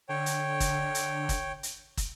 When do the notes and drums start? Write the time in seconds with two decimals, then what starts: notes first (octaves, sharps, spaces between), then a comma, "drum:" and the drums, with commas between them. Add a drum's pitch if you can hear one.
0.09 D3 C#5 G5
0.26 drum: hi-hat
0.60 drum: kick, hi-hat
0.95 drum: hi-hat
1.29 drum: kick, hi-hat
1.63 drum: hi-hat
1.97 drum: kick, hi-hat